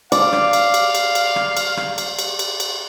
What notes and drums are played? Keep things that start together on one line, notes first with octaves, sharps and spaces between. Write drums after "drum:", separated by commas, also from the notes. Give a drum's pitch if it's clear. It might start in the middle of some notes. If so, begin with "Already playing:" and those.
D5 F5, drum: cymbal
drum: rim click
drum: cymbal
drum: cymbal
drum: cymbal
drum: cymbal
drum: rim click
drum: cymbal
drum: rim click
drum: cymbal
drum: cymbal
drum: cymbal
drum: cymbal